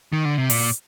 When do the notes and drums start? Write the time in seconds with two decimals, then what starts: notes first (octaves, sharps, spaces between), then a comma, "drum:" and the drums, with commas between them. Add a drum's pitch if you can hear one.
0.13 D#3
0.25 D3
0.38 C3
0.50 A#2, drum: open hi-hat